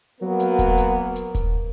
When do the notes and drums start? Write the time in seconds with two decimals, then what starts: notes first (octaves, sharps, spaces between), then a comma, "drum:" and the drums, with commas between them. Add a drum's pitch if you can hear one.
0.21 F#3 A#3 B3 A#4
0.40 drum: hi-hat
0.59 drum: kick D#1, hi-hat
0.78 drum: hi-hat
1.16 drum: hi-hat
1.35 drum: kick D#1, hi-hat